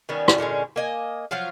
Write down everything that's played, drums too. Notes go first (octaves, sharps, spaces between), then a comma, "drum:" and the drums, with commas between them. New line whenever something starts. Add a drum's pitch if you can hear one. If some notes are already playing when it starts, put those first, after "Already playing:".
D#3 G3 B3 C#4
drum: rim click
A#2 D3 G#3 C#4
A#3 D#5 G#5
F3 F#3 F4 F5